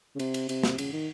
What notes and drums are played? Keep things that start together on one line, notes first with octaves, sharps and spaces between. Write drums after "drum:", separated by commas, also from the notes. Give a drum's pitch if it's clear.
C#3
C3, drum: cymbal
drum: cymbal
C3, drum: cymbal
drum: snare
C#3, drum: cymbal
D#3